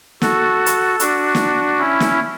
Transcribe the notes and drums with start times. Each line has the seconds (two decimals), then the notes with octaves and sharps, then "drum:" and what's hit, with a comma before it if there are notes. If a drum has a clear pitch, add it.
0.22 F#4 A4, drum: snare
0.66 drum: hi-hat
1.00 D4 F#4, drum: hi-hat
1.35 drum: snare
1.78 C#4 E4
2.00 drum: snare